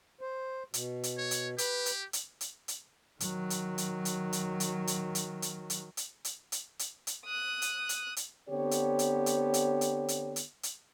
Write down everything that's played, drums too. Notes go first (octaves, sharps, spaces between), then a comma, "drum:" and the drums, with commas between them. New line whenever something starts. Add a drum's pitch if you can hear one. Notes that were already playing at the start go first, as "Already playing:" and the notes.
C5
B2, drum: hi-hat
drum: hi-hat
C#5
drum: hi-hat
G4 B4, drum: hi-hat
drum: hi-hat
drum: hi-hat
drum: hi-hat
drum: hi-hat
D#3 F#3, drum: hi-hat
drum: hi-hat
drum: hi-hat
drum: hi-hat
drum: hi-hat
drum: hi-hat
drum: hi-hat
drum: hi-hat
drum: hi-hat
drum: hi-hat
drum: hi-hat
drum: hi-hat
drum: hi-hat
drum: hi-hat
drum: hi-hat
D#6 F#6
drum: hi-hat
drum: hi-hat
drum: hi-hat
D3 B3 C4 G4 C#5
drum: hi-hat
drum: hi-hat
drum: hi-hat
drum: hi-hat
drum: hi-hat
drum: hi-hat
drum: hi-hat
drum: hi-hat